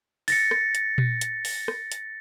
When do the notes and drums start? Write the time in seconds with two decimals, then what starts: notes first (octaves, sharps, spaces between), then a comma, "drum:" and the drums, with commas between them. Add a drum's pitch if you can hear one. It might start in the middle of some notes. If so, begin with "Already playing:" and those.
0.28 A6 A#6 C#7, drum: open hi-hat
0.51 drum: rim click
0.75 drum: hi-hat
0.98 drum: tom A#2
1.21 drum: hi-hat
1.45 drum: open hi-hat
1.68 drum: rim click
1.92 drum: hi-hat